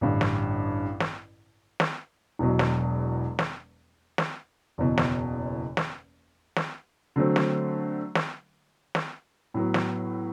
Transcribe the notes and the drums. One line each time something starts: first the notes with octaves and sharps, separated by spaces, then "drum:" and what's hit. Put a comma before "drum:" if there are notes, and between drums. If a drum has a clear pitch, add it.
A1 G2 D3
drum: snare
drum: snare
drum: snare
E1 E2 B2 F#3
drum: snare
drum: snare
drum: snare
F#1 E2 B2
drum: snare
drum: snare
drum: snare
D3 F#3 A3 C4
drum: snare
drum: snare
drum: snare
A2 F#3 B3
drum: snare